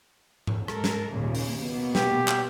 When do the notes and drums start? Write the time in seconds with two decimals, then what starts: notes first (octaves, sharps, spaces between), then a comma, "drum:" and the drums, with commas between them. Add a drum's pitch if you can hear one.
0.47 drum: tom G#2
0.68 G#3 A4 A#4, drum: rim click
0.84 drum: snare
1.13 D#2 A#2 C#3
1.35 drum: open hi-hat
1.60 B2 A#3 B3
1.95 G4, drum: snare
2.28 drum: clap